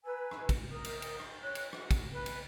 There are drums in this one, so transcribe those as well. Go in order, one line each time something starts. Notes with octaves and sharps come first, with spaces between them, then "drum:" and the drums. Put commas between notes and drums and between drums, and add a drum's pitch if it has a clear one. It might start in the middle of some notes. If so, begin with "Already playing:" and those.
B4 G#5 A#5 E6
drum: rim click
drum: kick, cymbal
A#4 D#6
drum: cymbal
drum: cymbal
drum: rim click
C#5 F#6
drum: cymbal
F#4, drum: rim click
drum: kick, cymbal
B4
drum: cymbal